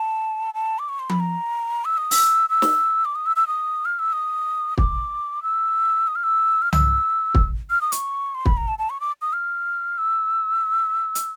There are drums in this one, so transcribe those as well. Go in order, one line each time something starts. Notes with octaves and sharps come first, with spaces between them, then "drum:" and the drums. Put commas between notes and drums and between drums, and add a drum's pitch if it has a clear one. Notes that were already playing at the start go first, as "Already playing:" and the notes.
Already playing: A5
A5
D6
C#6
C6
B5, drum: tom F3
A#5
E6
D#6
E6, drum: open hi-hat
E6
drum: snare
D6
D#6
E6
E6
D#6
F6
E6
D#6
D6, drum: kick
E6
D#6
F6
E6
F6
E6, drum: tom C2
drum: kick
F6
D#6
C#6, drum: hi-hat
C6
B5, drum: kick
A#5
A5
A5
C#6
D6
D#6
F6
E6
drum: hi-hat